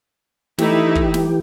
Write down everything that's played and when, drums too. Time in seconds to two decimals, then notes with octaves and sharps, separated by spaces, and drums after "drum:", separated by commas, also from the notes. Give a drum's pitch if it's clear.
0.58 E3 A3 D#4 E4 G4, drum: snare
0.95 drum: kick
1.14 drum: snare